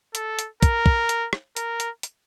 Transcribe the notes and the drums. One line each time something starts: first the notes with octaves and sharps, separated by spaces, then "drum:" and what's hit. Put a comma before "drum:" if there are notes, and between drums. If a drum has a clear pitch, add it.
A4, drum: hi-hat
drum: hi-hat
A#4, drum: kick, hi-hat
drum: kick
drum: hi-hat
drum: rim click
A#4, drum: hi-hat
drum: hi-hat
drum: hi-hat